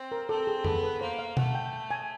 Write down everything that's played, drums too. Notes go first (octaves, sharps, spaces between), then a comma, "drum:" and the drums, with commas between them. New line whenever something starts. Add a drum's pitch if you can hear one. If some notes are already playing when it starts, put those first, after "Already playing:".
Already playing: C4
A#4
C4 A4
G#4
B3 A4, drum: tom F2
B4
A#3 C5
F5
A3 F#5, drum: tom B2
G5
G#5